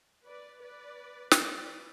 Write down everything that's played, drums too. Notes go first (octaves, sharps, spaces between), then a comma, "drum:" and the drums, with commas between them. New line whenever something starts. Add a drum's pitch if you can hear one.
B4 D5
B4 D5
B4 D5, drum: snare